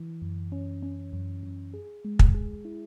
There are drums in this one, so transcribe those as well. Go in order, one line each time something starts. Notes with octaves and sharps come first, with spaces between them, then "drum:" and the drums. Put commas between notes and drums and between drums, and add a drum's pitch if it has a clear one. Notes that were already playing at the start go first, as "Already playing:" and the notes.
Already playing: E3
F#2
C#4
C#4
F#2
F#2
G#4
G#3
drum: kick
G#4
E4